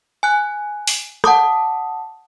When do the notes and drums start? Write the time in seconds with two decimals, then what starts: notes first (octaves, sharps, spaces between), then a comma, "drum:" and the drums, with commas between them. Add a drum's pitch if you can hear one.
0.23 G#5 F#6
0.87 drum: open hi-hat
1.24 F#5 A5 D6 D#6, drum: rim click